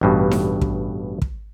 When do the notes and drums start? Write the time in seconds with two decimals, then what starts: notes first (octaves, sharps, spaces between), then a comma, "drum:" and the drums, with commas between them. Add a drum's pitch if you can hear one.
0.01 A1 G2 B2
0.31 drum: snare D#4
0.61 drum: kick
1.22 drum: kick